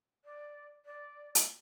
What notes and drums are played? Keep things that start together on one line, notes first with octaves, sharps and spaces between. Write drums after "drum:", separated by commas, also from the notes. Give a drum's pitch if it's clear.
D5
D5
drum: hi-hat